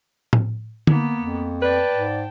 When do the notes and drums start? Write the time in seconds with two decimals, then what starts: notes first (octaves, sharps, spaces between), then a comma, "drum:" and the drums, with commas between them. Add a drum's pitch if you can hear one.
0.33 drum: tom A2
0.87 A#3 B3, drum: tom D3
1.19 F2
1.62 B4 D5 G5 A5
1.92 G#2